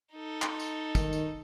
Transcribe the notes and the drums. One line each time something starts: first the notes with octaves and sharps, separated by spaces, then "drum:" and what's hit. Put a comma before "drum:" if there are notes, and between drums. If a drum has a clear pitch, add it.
D#4 A4
drum: clap C6
drum: tambourine
D#3, drum: kick, tambourine
drum: tambourine